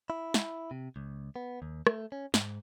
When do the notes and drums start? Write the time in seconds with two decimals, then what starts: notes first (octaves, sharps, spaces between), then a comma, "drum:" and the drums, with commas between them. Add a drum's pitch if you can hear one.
0.10 E4
0.34 drum: snare
0.71 C3
0.96 C#2
1.36 B3
1.62 D#2
1.87 A3, drum: rim click
2.12 C#4
2.34 G#2, drum: snare